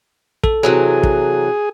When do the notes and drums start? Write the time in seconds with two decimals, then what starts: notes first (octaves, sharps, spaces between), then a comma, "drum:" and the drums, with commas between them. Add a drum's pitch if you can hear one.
0.44 A4, drum: kick
0.63 C3 E3 F#3 G#4
1.03 drum: kick